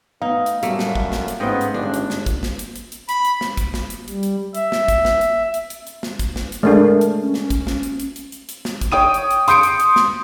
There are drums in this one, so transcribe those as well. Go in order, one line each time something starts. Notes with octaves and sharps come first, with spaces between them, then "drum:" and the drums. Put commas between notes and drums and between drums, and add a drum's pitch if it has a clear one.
A3 B3 D#4 F5
drum: hi-hat
F#2 A2 G3 A3 A#3, drum: hi-hat
drum: snare
drum: kick
drum: snare
drum: hi-hat
G#2 A3 B3 C#4 D#5 G5
drum: hi-hat
G1 D#2 A#2 C#4 D4
drum: hi-hat
drum: snare
drum: kick, hi-hat
drum: snare
drum: hi-hat
drum: hi-hat
drum: hi-hat
B5, drum: hi-hat
drum: hi-hat
drum: snare
drum: kick, hi-hat
drum: snare
drum: hi-hat
G3, drum: hi-hat
drum: hi-hat
E5, drum: hi-hat
drum: snare
drum: kick, hi-hat
drum: snare
drum: hi-hat
drum: hi-hat
drum: hi-hat
drum: hi-hat
drum: snare
drum: kick, hi-hat
drum: snare
drum: hi-hat
G#3 A3 D4 A#4
drum: hi-hat
C#4
drum: snare
drum: kick, hi-hat
drum: snare
drum: hi-hat
drum: hi-hat
drum: hi-hat
drum: hi-hat
drum: hi-hat
drum: snare
drum: kick, hi-hat
C#5 G5 D#6 D#7
drum: hi-hat
drum: hi-hat
C6 D#6 G6 C#7 D7, drum: hi-hat
drum: hi-hat
drum: hi-hat
drum: snare